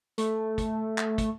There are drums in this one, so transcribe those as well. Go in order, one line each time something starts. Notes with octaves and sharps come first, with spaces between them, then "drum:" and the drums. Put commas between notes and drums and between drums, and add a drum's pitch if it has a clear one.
A3, drum: hi-hat
drum: kick, hi-hat
drum: clap
drum: kick, hi-hat